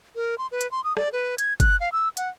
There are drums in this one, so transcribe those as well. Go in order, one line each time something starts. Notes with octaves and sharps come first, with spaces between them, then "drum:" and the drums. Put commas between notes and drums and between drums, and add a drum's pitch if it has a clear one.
A#4
C6
B4
drum: hi-hat
C6
D#6
D5, drum: rim click
B4
G#6, drum: hi-hat
F#6, drum: kick, hi-hat
F5
E6
F#5, drum: hi-hat